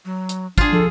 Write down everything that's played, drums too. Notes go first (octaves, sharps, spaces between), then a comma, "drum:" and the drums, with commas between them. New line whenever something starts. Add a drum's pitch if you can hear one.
F#3
drum: hi-hat
D4 F4 G#4, drum: kick
F3 A4